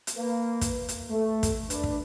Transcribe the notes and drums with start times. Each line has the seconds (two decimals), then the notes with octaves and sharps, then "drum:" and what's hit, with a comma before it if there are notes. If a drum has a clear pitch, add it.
0.07 drum: hi-hat
0.17 A#3 B4
0.61 drum: kick, hi-hat
0.89 drum: hi-hat
1.10 A3
1.43 drum: kick, hi-hat
1.70 D4 B4, drum: hi-hat
1.84 drum: kick